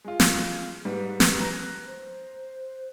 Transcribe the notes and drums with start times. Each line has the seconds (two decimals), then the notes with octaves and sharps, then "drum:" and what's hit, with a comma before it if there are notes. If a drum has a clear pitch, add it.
0.04 G#3 F4
0.20 drum: snare
0.85 G#2 G3 B4
1.20 drum: snare
1.40 A#5 F#6 A#6
1.87 C5